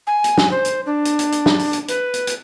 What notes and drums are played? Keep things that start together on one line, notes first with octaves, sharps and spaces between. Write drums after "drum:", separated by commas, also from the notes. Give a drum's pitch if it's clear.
G#5
drum: hi-hat
drum: snare
C5
drum: hi-hat
D4
drum: hi-hat
drum: hi-hat
drum: hi-hat
drum: snare
drum: open hi-hat
drum: hi-hat
B4, drum: hi-hat
drum: hi-hat
drum: hi-hat